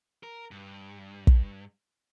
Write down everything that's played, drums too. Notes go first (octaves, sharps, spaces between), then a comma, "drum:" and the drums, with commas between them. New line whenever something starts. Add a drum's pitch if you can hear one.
A#4
G2
drum: kick